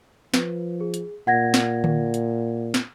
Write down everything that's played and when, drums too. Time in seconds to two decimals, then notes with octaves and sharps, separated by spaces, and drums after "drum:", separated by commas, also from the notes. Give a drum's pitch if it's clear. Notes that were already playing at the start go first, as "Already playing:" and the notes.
0.34 F3 B4, drum: snare
0.81 G#4
0.94 drum: hi-hat
1.27 A#2 F#5 G#6 A#6
1.54 drum: snare
1.84 drum: tom D3
2.14 drum: hi-hat
2.74 drum: snare